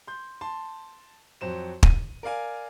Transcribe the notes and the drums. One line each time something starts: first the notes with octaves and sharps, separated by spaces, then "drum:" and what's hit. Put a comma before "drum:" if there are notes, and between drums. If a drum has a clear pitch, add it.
C6 G6
A5 C6
F2 F#3 C5 E7
D#7, drum: kick
A#4 D5 F5 G#5